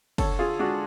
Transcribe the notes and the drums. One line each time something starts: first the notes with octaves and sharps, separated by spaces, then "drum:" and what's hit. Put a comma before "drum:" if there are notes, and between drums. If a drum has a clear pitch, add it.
D3 A4 C#5, drum: kick F#1, cymbal
F4 G#4
G#3 D4 F#4